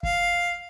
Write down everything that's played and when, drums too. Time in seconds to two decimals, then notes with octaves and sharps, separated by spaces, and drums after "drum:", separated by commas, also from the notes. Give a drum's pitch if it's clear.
0.03 F5, drum: kick